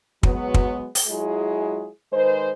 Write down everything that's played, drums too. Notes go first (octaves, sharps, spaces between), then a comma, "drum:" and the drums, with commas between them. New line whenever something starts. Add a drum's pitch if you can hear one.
F#3 G#3 B3, drum: kick
drum: kick
drum: open hi-hat
F#3 G#3 E4 F4 G#4
D#3 G#3 B4 C5